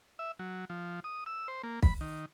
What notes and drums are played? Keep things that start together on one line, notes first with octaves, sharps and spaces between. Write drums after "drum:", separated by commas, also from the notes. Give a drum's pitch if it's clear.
E5
F#3
F3
D#6
E6
C5
A#3
B5, drum: kick
D#3